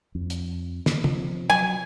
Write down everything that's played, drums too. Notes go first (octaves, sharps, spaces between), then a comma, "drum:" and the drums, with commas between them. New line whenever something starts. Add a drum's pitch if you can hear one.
F2
drum: hi-hat
drum: snare
C3 F3, drum: tom
F#3 G#5